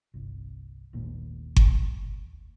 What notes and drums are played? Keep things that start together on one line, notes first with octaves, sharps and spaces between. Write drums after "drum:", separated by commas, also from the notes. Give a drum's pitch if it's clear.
G1 C2
D#1 G#1 D#2 A#2
drum: kick G1